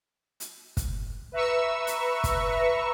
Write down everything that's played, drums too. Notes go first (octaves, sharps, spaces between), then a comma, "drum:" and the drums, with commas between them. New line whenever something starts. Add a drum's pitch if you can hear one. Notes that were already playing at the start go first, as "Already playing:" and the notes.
drum: hi-hat
drum: kick, hi-hat
B4 E5 A#5 C#6 E6
drum: hi-hat
drum: kick, hi-hat